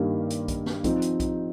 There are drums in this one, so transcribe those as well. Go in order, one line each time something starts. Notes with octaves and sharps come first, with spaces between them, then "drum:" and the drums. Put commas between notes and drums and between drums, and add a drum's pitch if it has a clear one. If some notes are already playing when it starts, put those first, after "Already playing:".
Already playing: G2 D#3 A#3 G4
drum: hi-hat
drum: kick A#1, hi-hat
drum: snare
F3 C4 D#4, drum: kick A#1, hi-hat
drum: hi-hat
drum: kick A#1, hi-hat